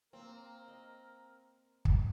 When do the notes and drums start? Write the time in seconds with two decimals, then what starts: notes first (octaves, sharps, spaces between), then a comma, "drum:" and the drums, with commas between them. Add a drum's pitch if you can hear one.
0.13 A#3 C4 A#4
0.68 D#5
1.85 drum: kick